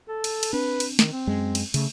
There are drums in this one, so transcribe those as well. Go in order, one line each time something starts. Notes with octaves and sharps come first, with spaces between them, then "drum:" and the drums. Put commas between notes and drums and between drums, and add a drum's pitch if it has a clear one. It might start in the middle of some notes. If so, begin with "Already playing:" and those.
A4
drum: cymbal
drum: cymbal
C4 D4 B4
drum: cymbal
D#3, drum: snare
C4
F#2 G#3
drum: cymbal
C#3 A3, drum: cymbal